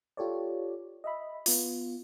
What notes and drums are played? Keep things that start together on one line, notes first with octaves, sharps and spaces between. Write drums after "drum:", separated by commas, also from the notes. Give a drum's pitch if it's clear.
F4 G4 A4 C#5 D5
D#5 E5 B5
B3 F4, drum: open hi-hat